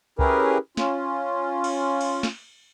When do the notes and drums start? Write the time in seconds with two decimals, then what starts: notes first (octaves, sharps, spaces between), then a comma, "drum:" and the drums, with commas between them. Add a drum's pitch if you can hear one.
0.19 C#4 E4 G4 G#4 A#4 B4, drum: kick C2
0.77 C#4 F4, drum: snare
1.64 drum: cymbal
2.01 drum: cymbal
2.23 drum: snare